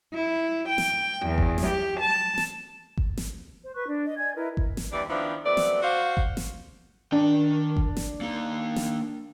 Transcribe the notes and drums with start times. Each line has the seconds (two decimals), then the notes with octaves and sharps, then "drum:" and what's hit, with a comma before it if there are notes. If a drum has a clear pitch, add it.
0.13 E4
0.69 G5
0.78 drum: snare
1.27 E2
1.38 drum: kick G1
1.58 drum: snare
1.67 G4
2.01 A5
2.38 drum: snare
2.98 drum: kick G1
3.17 drum: snare
3.63 C5
3.75 B4 C#6 F#6
3.88 D4
4.05 D#5
4.17 D5 G#5 G#6
4.35 E4 A#4 B4 D#5
4.57 drum: kick G1
4.77 drum: snare
4.91 D#2 E3 G3 D4 D5
5.09 D#3 F3 B3 C4 D4 E4
5.45 F#3 A3 B3 C4 D5
5.57 drum: snare
5.82 F#4 C5 D5 F5
6.17 drum: kick G1
6.37 drum: snare
7.12 D#3 D4 G5
7.77 drum: kick G1
7.97 drum: snare
8.21 A#3 D#4
8.76 drum: snare